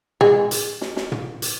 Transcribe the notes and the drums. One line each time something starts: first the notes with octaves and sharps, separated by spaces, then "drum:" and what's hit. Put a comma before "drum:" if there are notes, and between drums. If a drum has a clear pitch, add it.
G#3, drum: tom
drum: hi-hat
drum: snare
drum: snare
drum: tom
drum: hi-hat